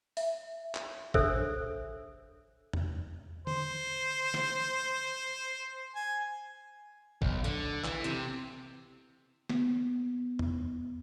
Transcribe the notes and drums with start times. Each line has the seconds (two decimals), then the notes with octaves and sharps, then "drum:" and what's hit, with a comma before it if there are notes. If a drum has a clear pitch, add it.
0.17 E5, drum: open hi-hat
0.75 drum: clap
1.14 D4 A4 C5 C#5 E5 E6, drum: kick
2.73 drum: tom E2
3.47 C5, drum: tom D3
4.34 drum: snare
5.95 G#5
7.22 B1, drum: kick
7.44 D3, drum: hi-hat
7.84 E3, drum: clap
8.04 C3, drum: hi-hat
9.50 B3, drum: snare
10.39 drum: tom E2